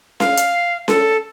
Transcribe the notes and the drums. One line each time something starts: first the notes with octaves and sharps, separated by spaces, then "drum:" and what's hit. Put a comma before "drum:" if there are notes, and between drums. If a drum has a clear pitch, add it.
F5, drum: snare C#4
drum: hi-hat
A4, drum: snare C#4